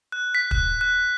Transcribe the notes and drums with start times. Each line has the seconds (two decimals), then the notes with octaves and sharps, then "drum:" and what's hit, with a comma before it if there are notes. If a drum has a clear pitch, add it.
0.12 F#6
0.35 B6
0.51 F#6, drum: kick
0.81 F#6